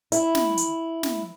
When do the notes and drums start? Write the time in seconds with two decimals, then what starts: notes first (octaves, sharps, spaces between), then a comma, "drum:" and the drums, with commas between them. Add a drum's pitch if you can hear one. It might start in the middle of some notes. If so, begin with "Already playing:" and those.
0.12 E4, drum: hi-hat
0.35 drum: snare
0.58 drum: hi-hat
1.03 drum: snare